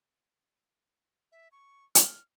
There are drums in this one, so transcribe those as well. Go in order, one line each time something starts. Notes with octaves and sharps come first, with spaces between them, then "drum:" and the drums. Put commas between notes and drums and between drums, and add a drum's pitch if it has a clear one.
E5
C#6
F6, drum: hi-hat